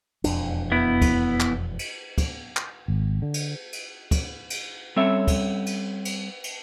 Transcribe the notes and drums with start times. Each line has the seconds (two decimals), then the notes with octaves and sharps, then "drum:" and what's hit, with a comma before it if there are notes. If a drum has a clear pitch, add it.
0.24 E1 F2 D4, drum: cymbal
0.72 B3 E4
1.01 drum: kick, cymbal
1.40 drum: clap
1.79 drum: cymbal
2.18 drum: kick, cymbal
2.56 drum: clap
2.88 G#1
3.22 D3
3.34 drum: cymbal
3.73 drum: cymbal
4.11 drum: kick, cymbal
4.50 drum: cymbal
4.96 G3 C4 C#4 A4 C#5 E5
5.28 drum: kick, cymbal
5.66 drum: cymbal
6.05 drum: cymbal
6.44 drum: cymbal